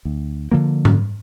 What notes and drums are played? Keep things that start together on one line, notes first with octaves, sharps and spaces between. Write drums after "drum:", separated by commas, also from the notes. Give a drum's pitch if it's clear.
D2
D3 F3 A#3
drum: tom G#2